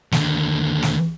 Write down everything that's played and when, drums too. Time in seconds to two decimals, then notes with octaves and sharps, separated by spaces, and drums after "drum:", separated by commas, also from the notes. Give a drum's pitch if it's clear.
0.12 D#2 D3, drum: snare
0.82 drum: snare